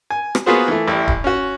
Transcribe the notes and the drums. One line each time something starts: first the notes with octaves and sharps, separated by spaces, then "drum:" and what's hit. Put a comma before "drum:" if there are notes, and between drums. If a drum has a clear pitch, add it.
G#5
drum: rim click
A#3 B3 F4 F#4 G#4 C5
E3 A3
A1 G3 E4
drum: kick D1
C#4 F#4